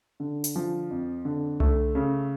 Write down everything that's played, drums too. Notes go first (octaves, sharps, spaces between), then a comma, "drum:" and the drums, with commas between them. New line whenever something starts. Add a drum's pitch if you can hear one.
D3
drum: hi-hat
F3
F2
D3
A3, drum: tom C2
C#3